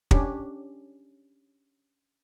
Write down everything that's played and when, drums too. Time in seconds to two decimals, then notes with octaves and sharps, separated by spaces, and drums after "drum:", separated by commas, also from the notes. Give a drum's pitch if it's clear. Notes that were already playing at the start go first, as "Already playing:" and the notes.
0.11 C#4 D4 G4, drum: kick